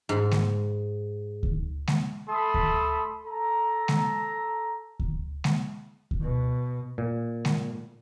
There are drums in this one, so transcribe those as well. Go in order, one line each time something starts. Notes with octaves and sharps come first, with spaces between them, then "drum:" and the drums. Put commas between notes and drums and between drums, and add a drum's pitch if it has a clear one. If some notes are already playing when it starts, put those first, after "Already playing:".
G#2
drum: snare G#3
drum: kick D2
drum: snare G#3
A3 A4 A5 B5 C6 D#6
drum: kick D2
A4 A#5
drum: snare G#3
drum: kick D2
drum: snare G#3
drum: kick D2
B2
A#2
drum: snare G#3